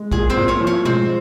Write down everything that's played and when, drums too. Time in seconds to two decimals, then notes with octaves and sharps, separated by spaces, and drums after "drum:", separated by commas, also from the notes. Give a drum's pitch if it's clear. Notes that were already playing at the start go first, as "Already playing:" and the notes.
Already playing: G#3
0.12 A#2 G#4, drum: kick
0.30 C4 C5
0.36 A#2
0.48 C#4 C#5
0.61 F3
0.67 C#4 C#5
0.85 G#3 C4 C5, drum: tom